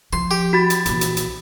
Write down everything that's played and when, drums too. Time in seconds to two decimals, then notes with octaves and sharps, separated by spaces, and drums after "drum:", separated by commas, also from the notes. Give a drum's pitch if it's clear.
0.13 F3 C6
0.31 G4
0.53 F#4 B5 A6
0.70 drum: hi-hat
0.86 A#1 E3, drum: hi-hat
1.01 drum: hi-hat
1.17 drum: hi-hat